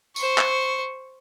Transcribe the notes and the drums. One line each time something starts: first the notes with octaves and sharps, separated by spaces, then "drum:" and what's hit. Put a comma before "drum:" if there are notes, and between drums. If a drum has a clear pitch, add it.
C5 C#6, drum: tambourine
drum: clap